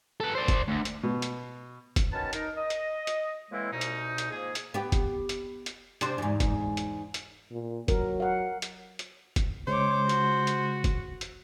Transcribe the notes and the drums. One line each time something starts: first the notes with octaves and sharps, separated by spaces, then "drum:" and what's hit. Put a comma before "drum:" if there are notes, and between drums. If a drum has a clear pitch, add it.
A4 B4
C5 D5
drum: kick, hi-hat
D2
drum: hi-hat
B2
drum: hi-hat
drum: kick, hi-hat
D#3 F#3 C#4 B4 A5
D#4 A#4, drum: hi-hat
D#5
drum: hi-hat
drum: hi-hat
A2 E3 G#3 A#3 C4 E4
C2 B2 D#4
drum: hi-hat
drum: hi-hat
G#2 F3 A#3 G#4
drum: hi-hat
B3 G4
drum: kick, hi-hat
drum: hi-hat
drum: hi-hat
C3 D4 C5, drum: hi-hat
E2 G#2
drum: kick, hi-hat
drum: hi-hat
drum: hi-hat
A#2
F#3 A#4, drum: kick, hi-hat
F5 F#5
drum: hi-hat
drum: hi-hat
drum: kick, hi-hat
C#3 G#3 C5 C#5 D6
F#4, drum: hi-hat
drum: hi-hat
drum: kick, hi-hat
drum: hi-hat